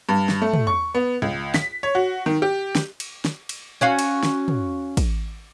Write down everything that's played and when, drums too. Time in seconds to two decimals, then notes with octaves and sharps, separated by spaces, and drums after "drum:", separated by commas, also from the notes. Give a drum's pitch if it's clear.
0.09 G2
0.29 drum: snare
0.42 A3
0.53 drum: tom
0.67 C#6
0.95 B3
1.22 C#2
1.54 B6, drum: snare
1.83 C#5
1.95 F#4
2.26 D#3
2.42 G4
2.75 drum: snare
3.00 drum: cymbal
3.25 drum: snare
3.49 drum: cymbal
3.81 C#4 F#4 F5
3.99 drum: cymbal
4.23 drum: snare
4.48 drum: tom
4.97 drum: kick, cymbal